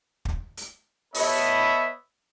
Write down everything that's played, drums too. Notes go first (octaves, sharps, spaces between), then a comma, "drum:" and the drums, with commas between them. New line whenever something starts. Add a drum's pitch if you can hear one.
drum: kick
drum: hi-hat
B3 A4 B4 C#5 D#5 E5, drum: open hi-hat